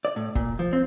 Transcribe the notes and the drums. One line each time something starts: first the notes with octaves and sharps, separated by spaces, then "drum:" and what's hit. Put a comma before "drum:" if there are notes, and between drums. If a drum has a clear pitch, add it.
D5
A2
A#2, drum: kick
F3
C4